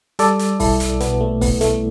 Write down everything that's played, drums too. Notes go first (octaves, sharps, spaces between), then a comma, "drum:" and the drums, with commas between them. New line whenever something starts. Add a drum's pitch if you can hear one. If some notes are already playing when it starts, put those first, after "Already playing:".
G3 A4 D5, drum: hi-hat
drum: hi-hat
B1 E4 A4, drum: kick, open hi-hat
drum: hi-hat
B2 B3, drum: hi-hat
A3
B2 B3, drum: kick, open hi-hat
A3, drum: hi-hat